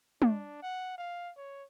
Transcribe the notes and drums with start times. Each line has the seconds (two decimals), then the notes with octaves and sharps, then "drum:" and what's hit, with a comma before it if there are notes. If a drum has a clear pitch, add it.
0.22 D4, drum: tom
0.62 F#5
0.98 F5
1.37 C#5